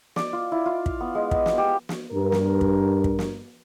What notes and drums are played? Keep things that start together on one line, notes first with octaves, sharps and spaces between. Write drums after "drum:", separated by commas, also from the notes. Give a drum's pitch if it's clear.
D5, drum: snare
F4
E4
F4
F5, drum: kick
B3
G#3
B3, drum: kick
drum: snare
G4
drum: snare
G2 A#4
drum: snare
drum: kick
drum: kick
drum: snare